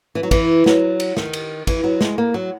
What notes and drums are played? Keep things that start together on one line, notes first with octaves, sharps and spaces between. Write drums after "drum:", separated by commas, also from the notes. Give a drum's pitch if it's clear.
E3
F#3
E3, drum: kick, cymbal
F#3, drum: snare
drum: cymbal
D#3, drum: snare
drum: cymbal
E3, drum: kick, cymbal
F#3
G#3, drum: snare
A#3
F#3